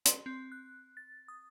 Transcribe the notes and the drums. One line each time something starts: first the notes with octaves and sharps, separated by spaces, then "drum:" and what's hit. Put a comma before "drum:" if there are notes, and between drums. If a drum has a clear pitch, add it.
C6, drum: hi-hat
C4
F#6
A6
D#6